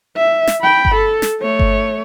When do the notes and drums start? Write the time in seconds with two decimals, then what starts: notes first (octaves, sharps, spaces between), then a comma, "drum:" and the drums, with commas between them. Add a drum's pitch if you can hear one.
0.17 E5
0.47 drum: snare
0.61 G5 B5
0.85 drum: kick G1
0.95 A4
1.22 drum: snare
1.41 A3 C#5
1.59 drum: kick G1